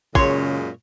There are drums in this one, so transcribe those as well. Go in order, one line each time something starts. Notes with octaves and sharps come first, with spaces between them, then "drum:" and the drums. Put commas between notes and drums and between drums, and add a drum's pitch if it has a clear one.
F#2 A#2 C#3 G#3 C#5 C6, drum: kick